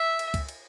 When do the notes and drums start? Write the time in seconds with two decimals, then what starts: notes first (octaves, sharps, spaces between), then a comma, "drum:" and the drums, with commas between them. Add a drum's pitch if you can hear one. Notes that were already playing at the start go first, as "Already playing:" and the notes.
Already playing: E5
0.19 drum: cymbal
0.34 drum: kick C#2, cymbal
0.49 drum: cymbal